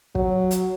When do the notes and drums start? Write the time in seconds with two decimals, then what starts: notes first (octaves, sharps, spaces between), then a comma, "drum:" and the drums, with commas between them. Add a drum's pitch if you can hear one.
0.15 F#3, drum: kick
0.51 drum: hi-hat